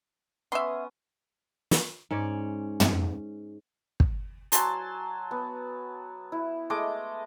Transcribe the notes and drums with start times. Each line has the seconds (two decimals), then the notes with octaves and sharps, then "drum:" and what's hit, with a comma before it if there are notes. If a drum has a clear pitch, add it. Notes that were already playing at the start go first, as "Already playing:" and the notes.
0.52 B3 C#4 E5 C6 D#6
1.71 drum: snare
2.11 G#2 C#4 C#5 D5
2.80 drum: tom
4.00 drum: kick
4.52 F#3 G#5 A5 C6, drum: hi-hat
5.31 B3
6.32 E4
6.70 G#3 A3 D#5 D6